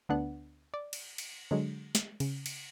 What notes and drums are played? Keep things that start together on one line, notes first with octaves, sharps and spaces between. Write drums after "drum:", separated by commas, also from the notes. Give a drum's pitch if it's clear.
D2 B3 D4 F#5
D5
drum: cymbal
drum: cymbal
D3 F#3 G#3
drum: snare
C#3, drum: cymbal
drum: cymbal